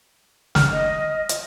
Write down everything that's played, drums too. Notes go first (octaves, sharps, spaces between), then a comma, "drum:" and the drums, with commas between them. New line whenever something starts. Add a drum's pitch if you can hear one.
F6, drum: snare
D#5
drum: hi-hat